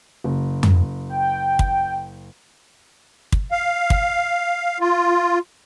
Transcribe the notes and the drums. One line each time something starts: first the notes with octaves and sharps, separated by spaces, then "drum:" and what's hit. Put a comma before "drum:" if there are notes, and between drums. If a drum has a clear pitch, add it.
F#1
drum: tom F2
G5
drum: kick
drum: kick
F5
drum: kick
F4